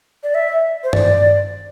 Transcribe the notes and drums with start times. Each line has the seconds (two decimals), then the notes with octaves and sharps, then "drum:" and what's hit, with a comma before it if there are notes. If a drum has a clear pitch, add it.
0.23 D5
0.34 E5
0.84 C5
0.93 D5, drum: tom G2